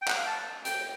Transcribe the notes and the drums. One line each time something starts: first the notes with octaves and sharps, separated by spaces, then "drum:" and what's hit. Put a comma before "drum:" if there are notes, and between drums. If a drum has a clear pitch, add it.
G5
F#5, drum: clap
F5
A5
G5, drum: hi-hat